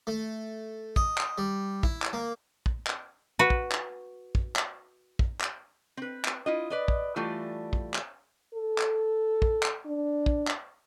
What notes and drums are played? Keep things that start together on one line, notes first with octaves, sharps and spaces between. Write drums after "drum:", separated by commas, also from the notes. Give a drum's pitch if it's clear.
A3
D#5, drum: kick
drum: clap
G3
E4, drum: kick
drum: clap
A#3
drum: kick
drum: clap
F#4 B4
drum: kick
drum: clap
drum: kick
drum: clap
drum: kick
drum: clap
C4 B4
drum: clap
E4 F4 D#5
B4 D5 D#5
drum: kick
E3 G3 A3 F4 D5
drum: kick
drum: clap
A4
drum: clap
drum: kick
drum: clap
D4
drum: kick
drum: clap